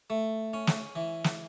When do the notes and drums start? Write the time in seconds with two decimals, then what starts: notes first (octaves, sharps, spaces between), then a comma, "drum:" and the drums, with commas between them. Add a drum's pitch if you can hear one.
0.10 A3
0.53 C#4
0.67 drum: snare
0.96 E3
1.24 drum: snare